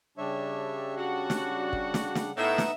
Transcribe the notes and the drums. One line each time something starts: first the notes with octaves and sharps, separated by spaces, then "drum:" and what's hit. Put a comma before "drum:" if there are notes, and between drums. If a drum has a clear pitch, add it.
C#3 G3 D4 C#5 E5
F#4 F#5
drum: snare
drum: kick
drum: snare
drum: snare
A2 B3 D#4 D#5 E5 F#5
drum: snare